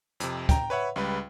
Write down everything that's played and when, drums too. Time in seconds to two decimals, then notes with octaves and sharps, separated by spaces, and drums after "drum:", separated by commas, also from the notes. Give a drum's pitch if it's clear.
0.20 F2 C3, drum: hi-hat
0.49 G5 A#5, drum: kick, hi-hat
0.70 B4 C#5 E5 F#5
0.96 C#2 G3 B4